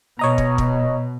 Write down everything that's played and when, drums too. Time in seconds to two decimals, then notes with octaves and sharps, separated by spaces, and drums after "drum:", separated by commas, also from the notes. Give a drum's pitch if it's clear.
0.19 B2 C#5 D#5 A#5
0.38 drum: kick
0.58 drum: kick